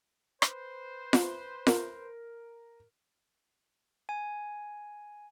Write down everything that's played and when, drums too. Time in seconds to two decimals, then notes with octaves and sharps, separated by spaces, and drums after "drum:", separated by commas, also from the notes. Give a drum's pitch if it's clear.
0.42 B4 C5, drum: rim click
1.13 drum: snare F4
1.67 A#4, drum: snare F4
4.09 G#5